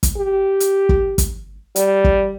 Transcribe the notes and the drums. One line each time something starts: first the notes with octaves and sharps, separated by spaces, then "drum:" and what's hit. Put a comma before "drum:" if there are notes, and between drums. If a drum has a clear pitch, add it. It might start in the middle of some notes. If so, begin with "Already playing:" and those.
drum: kick, hi-hat
G4
drum: hi-hat
drum: kick
drum: kick, hi-hat
G3, drum: hi-hat
drum: kick